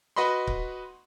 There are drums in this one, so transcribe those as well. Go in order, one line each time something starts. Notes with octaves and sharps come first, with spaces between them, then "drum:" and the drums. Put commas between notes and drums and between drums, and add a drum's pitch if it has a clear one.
F#4 B4 D#5 B5 C6
drum: kick C#1